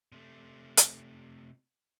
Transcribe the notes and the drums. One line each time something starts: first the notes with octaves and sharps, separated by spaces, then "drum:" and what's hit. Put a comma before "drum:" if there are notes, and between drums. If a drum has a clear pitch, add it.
C3 A3
drum: hi-hat